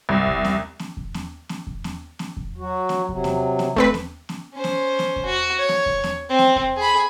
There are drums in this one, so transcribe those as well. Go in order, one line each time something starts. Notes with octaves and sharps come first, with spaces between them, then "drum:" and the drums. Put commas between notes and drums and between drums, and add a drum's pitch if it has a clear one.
C2
drum: kick E2
drum: snare B3
drum: snare B3
drum: kick E2
drum: snare B3
drum: snare B3
drum: kick E2
drum: snare B3
drum: snare B3
drum: kick E2
F#3 F#4
drum: snare B3
C3 F#3, drum: kick E2
drum: snare B3
drum: snare B3
A3 C4 B4, drum: kick E2
drum: snare B3
drum: snare B3
C#4 C5
drum: snare B3
drum: snare B3
drum: kick E2
F#4
C#5
drum: snare B3
drum: kick E2
drum: snare B3
C4
drum: snare B3
drum: kick E2
G#4 B5